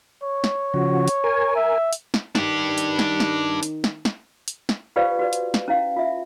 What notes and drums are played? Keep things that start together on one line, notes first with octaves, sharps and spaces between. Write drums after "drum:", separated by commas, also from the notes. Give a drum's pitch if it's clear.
C#5
drum: snare
C#3 F3 F#4
drum: hi-hat
A#4 G#5
E5
drum: hi-hat
drum: snare
D#3 D4 G4, drum: snare
drum: hi-hat
drum: snare
drum: snare
drum: hi-hat
drum: snare
drum: snare
drum: hi-hat
drum: snare
F4 G4 B4 C5 D5 F5
F#4 B4 D5
drum: hi-hat
drum: snare
C#4 E4 F5
F4 E5